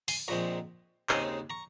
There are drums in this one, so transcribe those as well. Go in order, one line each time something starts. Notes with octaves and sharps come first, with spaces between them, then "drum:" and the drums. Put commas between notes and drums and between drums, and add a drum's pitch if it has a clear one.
G#5 C6, drum: open hi-hat
A#1 A#2 F3 G#3 C4 A#5 C#6
D#2 C#3 G#3 C4 D#4 G#5 C6, drum: clap
A#5 C#6